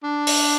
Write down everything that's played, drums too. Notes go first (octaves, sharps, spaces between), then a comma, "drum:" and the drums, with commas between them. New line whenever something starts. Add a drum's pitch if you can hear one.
D4
drum: open hi-hat